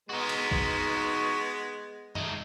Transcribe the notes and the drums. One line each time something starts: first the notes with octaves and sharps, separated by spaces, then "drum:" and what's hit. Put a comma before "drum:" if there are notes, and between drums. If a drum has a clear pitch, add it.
G#3 B3 D#4 F#4
drum: cymbal
drum: kick
A3 D#4, drum: tom